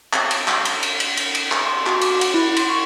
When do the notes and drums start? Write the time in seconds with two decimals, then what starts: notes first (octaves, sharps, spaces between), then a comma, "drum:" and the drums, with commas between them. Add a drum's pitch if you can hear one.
0.13 drum: clap
0.31 drum: cymbal
0.48 drum: clap
0.65 drum: cymbal
0.83 drum: cymbal
1.00 drum: cymbal
1.17 drum: cymbal
1.35 drum: cymbal
1.52 drum: clap
1.65 C6
1.86 F#4, drum: clap
2.01 D6, drum: cymbal
2.21 F#5, drum: cymbal
2.34 E4
2.56 C6, drum: cymbal
2.69 C#6